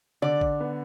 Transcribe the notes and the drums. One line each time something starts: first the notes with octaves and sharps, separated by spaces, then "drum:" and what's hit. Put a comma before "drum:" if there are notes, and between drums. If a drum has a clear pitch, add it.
D3 D5
drum: kick
B3